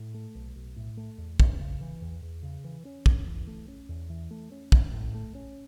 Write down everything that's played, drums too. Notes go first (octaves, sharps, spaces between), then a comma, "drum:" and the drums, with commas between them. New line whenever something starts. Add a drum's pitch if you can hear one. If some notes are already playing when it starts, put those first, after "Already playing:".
Already playing: A2
A3
B1
B1
A2
A3
E2
E2, drum: kick
C#3
E3
E2
E2
C#3
E3
C#4
E2, drum: kick
E3
A3
C#4
E2
E3
A3
C#4
B1, drum: kick
A2
A3
C#4